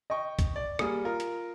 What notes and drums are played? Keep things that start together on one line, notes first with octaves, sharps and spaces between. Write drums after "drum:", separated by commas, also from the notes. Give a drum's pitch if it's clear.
D#5 G5 C#6
drum: kick C2, hi-hat
D5
G3 A#3 G#4 D#6, drum: rim click
F4 A#4
drum: hi-hat